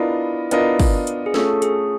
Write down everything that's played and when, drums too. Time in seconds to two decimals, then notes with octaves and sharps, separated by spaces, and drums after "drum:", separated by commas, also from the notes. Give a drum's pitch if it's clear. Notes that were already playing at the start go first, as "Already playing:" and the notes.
Already playing: B3 D4 E4 F4 A#4 D#5
0.51 B3 D4 F4 A#4 D#5, drum: hi-hat
0.79 drum: kick, open hi-hat
1.07 drum: hi-hat
1.26 G#4
1.34 A3 C#4 F4 A4, drum: snare
1.62 G#4, drum: hi-hat